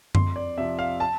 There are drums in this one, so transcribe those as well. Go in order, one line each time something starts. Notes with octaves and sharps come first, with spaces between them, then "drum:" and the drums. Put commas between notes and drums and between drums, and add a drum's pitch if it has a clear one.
F2 C6, drum: tom F#2
D5
C3 F3 E5
F5
A5